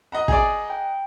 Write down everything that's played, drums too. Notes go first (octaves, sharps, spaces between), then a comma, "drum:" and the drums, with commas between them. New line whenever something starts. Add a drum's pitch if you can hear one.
D#5 F#5 A#5
G#4 D5, drum: kick
G5